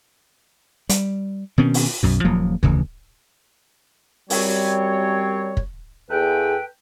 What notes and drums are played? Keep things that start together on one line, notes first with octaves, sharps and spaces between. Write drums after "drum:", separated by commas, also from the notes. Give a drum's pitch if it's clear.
G3, drum: hi-hat
B2 D#3 C4 C#4
drum: open hi-hat
B1 F#2 B2
D#1 F3 F#3 A#3
F1 D2 C#3 E3, drum: kick
F#2 G3 C4 C#5, drum: open hi-hat
drum: kick
E2 G#4 A4 B4 G5